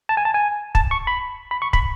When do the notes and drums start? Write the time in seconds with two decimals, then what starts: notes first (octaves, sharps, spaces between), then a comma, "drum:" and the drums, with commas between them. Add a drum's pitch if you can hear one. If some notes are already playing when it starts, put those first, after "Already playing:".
0.09 A5
0.17 G#5
0.25 A5
0.34 G#5
0.75 A5, drum: kick
0.91 C#6
1.07 B5
1.51 B5
1.62 C#6
1.73 B5, drum: kick